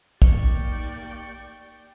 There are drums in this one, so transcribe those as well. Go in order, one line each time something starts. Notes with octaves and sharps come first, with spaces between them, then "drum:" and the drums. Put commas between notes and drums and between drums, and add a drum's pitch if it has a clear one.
A#3 D#4 G4 D5 G5 C#6, drum: kick